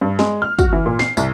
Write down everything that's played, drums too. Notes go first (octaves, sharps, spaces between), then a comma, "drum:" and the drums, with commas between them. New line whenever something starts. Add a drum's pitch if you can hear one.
G2
G#3, drum: snare
F6
F#4, drum: kick, tambourine
E3
A#2
C7, drum: snare
C2, drum: tambourine